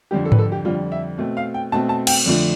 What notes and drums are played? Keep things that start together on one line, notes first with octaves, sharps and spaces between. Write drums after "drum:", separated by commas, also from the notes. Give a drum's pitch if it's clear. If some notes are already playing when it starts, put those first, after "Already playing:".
F2 D3 G3 G4
A4
B4, drum: tom G#2
A4
G4
F2 D3 G3 F4
E5
B2 A3 C4
F5
G5
B2 A3 C4 A5
A5
G5, drum: cymbal
F2 D3 F3 A3